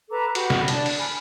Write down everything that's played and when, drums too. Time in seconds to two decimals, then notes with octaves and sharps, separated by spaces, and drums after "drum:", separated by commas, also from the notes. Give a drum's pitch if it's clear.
0.10 A4 B4 A#5 D6
0.35 F#4 G4 B5, drum: hi-hat
0.50 drum: snare
0.68 D4 D5 A5, drum: hi-hat
0.86 drum: open hi-hat
0.98 G#5 B5 F6